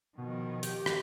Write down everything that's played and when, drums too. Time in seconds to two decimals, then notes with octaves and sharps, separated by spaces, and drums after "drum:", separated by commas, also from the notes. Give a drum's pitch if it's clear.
0.18 B2 D#3 F3
0.63 G4, drum: hi-hat
0.86 drum: rim click